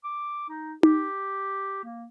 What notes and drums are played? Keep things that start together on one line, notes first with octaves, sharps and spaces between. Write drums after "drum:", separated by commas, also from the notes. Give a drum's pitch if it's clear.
D6
D#4
G4, drum: tom D#4
A#3